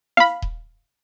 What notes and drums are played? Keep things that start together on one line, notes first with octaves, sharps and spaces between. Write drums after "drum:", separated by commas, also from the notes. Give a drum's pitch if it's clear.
F5 B5, drum: snare E4
drum: kick D#1